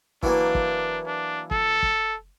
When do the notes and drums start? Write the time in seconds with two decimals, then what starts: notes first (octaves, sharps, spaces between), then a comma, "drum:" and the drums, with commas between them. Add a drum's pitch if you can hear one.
0.23 E3 F#3 A#3 D4, drum: kick
0.55 drum: kick
1.07 D4
1.51 A4, drum: kick
1.83 drum: kick